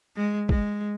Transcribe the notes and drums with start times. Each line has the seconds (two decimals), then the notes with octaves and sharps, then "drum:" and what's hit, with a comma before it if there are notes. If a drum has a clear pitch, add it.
0.16 G#3
0.49 G#3, drum: kick